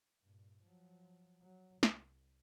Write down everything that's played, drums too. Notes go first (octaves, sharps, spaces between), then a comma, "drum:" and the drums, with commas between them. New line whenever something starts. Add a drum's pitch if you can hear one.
G2 A#2
F3 F#3
F#3
C2, drum: snare